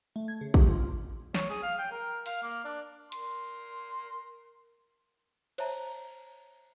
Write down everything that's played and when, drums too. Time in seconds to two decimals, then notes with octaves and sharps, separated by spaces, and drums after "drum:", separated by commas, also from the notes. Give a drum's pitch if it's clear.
0.16 A3
0.28 G#6
0.41 C#3
0.54 G4, drum: kick
0.67 F4
1.34 C#5, drum: snare
1.50 G#4
1.62 F5
1.78 G5
1.91 A#4
2.26 F5, drum: open hi-hat
2.43 A#3
2.65 D4
3.12 A#4 C6, drum: hi-hat
5.58 C5 C#5 E5 A5 A#5, drum: cymbal